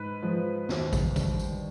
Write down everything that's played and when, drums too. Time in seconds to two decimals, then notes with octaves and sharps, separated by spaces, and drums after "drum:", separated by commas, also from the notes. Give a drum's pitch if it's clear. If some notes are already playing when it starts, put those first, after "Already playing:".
Already playing: G#2 B4
0.22 F3 G#3
0.69 D#2 C5, drum: snare
0.93 drum: kick A1, tambourine
1.16 D3 G3 D4, drum: kick A1, tambourine
1.40 drum: tambourine